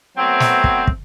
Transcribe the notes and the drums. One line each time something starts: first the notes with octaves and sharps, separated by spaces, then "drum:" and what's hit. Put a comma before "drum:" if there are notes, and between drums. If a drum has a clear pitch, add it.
F#3 A3 B3 C4
drum: snare
drum: kick
drum: kick